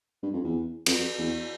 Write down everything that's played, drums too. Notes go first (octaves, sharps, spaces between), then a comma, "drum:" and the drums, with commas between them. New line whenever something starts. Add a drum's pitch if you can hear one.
G2
F2
E2
F2, drum: cymbal
E2